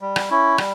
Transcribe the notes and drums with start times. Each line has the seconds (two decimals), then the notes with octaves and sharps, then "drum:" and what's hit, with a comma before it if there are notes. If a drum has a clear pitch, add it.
0.01 G3
0.16 drum: rim click
0.30 C#4 E4
0.58 G3, drum: rim click